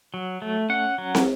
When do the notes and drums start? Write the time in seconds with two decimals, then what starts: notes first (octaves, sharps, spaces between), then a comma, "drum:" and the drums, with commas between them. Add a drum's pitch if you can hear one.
0.14 F#3
0.42 A3
0.69 C#4 F#5
0.98 F#3
1.15 drum: snare